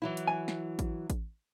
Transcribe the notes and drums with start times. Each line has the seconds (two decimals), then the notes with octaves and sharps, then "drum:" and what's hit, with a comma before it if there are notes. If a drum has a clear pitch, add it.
0.02 E3 F#3 E4
0.17 drum: hi-hat
0.27 G#5
0.48 drum: snare
0.79 drum: kick A1, hi-hat
1.10 drum: kick A1, hi-hat